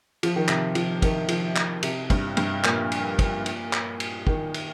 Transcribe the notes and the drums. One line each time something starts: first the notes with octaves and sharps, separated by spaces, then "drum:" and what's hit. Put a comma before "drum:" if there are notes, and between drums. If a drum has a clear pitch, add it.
F3, drum: cymbal
D#3
C3, drum: clap
F3, drum: cymbal
D#3, drum: kick, cymbal
F3, drum: cymbal
drum: clap
C3, drum: cymbal
G2, drum: kick, cymbal
G2, drum: cymbal
A#2, drum: clap
drum: cymbal
drum: kick, cymbal
drum: cymbal
drum: clap
drum: cymbal
D#3, drum: kick
drum: cymbal